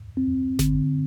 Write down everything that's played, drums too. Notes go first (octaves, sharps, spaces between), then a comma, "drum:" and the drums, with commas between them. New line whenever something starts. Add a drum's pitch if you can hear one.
C4
D3, drum: snare G1